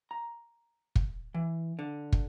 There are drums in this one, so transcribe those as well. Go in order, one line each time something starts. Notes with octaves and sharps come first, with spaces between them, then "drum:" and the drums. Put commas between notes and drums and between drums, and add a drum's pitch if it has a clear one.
A#5
drum: kick
E3
D3
drum: kick